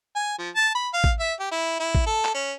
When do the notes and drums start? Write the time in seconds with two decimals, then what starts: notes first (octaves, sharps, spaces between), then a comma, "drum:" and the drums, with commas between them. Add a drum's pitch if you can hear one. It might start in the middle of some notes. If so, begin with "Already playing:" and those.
0.16 G#5
0.39 F3
0.55 A5
0.75 B5
0.93 F5
1.04 drum: kick A1
1.20 E5
1.40 G4
1.51 E4
1.80 E4
1.95 drum: kick A1
2.07 A4
2.25 drum: clap
2.35 C#4